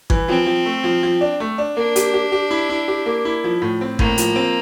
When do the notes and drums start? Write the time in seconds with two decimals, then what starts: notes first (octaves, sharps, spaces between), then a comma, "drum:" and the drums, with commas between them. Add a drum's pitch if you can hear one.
0.10 E3, drum: kick G#1
0.28 F3 C4
0.47 F3
0.65 A3
0.84 F3
1.03 F3
1.21 D4
1.40 A3
1.58 D4
1.76 A#3 D4
1.96 G4, drum: hi-hat
2.14 G4
2.32 G4
2.51 E4
2.69 E4
2.88 G4
3.06 A#3
3.25 E4
3.44 F3
3.62 A2
3.81 C4
3.99 A2 A#3, drum: kick G#1
4.18 F3, drum: hi-hat
4.36 C4